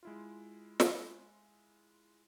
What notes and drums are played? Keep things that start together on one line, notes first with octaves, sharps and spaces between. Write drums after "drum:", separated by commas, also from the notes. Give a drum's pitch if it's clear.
G#3 E4 F4
drum: snare